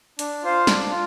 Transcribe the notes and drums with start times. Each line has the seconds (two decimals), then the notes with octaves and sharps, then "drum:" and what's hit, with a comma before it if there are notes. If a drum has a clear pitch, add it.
0.19 D4, drum: hi-hat
0.43 F4 C5 F5
0.67 D4, drum: snare
0.91 F4